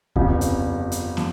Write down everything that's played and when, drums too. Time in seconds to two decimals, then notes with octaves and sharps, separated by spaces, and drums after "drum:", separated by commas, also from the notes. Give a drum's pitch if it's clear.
0.16 G1 F2 C#3, drum: kick D2
0.41 drum: hi-hat
0.92 drum: hi-hat
1.17 drum: snare